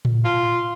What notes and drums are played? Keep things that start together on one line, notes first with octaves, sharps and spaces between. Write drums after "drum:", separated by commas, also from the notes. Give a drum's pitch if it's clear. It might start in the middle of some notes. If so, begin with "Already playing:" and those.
drum: tom A2
F4